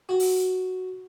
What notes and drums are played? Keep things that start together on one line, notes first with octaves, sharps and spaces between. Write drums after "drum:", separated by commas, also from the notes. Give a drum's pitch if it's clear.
F#4
drum: open hi-hat